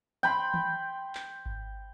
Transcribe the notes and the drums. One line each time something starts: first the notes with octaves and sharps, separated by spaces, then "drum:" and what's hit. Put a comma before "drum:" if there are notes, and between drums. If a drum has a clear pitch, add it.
G5 B5 C6
drum: tom D#3
drum: clap
drum: kick G#1